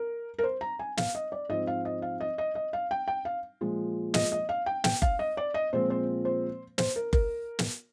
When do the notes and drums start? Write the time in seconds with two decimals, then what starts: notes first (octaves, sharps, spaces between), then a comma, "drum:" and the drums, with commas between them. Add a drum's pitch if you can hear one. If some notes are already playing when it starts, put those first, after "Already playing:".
Already playing: A#4
0.39 A#4
0.44 C5
0.61 A#5
0.79 G#5
0.97 F5, drum: snare
1.15 D#5
1.32 D5
1.49 G#2 F3 C4 D#5
1.67 F5
1.85 D#5
2.02 F5
2.21 D#5
2.38 D#5
2.55 D#5
2.73 F5
2.91 G5
3.08 G5
3.25 F5
3.61 A#2 F3 G#3
4.14 D#5, drum: snare
4.32 D#5
4.49 F5
4.66 G5
4.84 G5, drum: snare
5.02 F5, drum: kick F#1
5.19 D#5
5.37 D5
5.54 D#5
5.73 A#2 F3 G#3 C4 C5
5.90 C5
6.25 C5
6.78 C5, drum: snare
6.96 A#4
7.13 A#4, drum: kick F#1
7.59 drum: snare